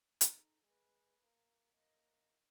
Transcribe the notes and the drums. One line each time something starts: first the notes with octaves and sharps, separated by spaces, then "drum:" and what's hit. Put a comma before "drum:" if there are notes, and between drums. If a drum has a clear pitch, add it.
D#4 A4, drum: hi-hat
G#3 B4
A#3
A#3 D#5